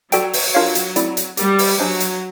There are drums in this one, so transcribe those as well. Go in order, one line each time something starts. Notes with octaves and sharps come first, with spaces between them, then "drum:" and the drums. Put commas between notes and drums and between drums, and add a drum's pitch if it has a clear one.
F#3 F#4 A4 D5 G5, drum: hi-hat
drum: open hi-hat
D4 F4 A#4 C#5 F5
drum: hi-hat
A3 C4 E4 A4 D5, drum: hi-hat
drum: hi-hat
G3 G4 A#4 D5, drum: hi-hat
drum: open hi-hat
F#3 D4 G4 C5 D#5 G#5
drum: hi-hat